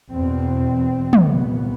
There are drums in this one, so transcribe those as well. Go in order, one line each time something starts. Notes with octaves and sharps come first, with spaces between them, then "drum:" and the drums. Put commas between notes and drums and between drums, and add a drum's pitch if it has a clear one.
E2 B2 C4
drum: tom
C2 A#2 B3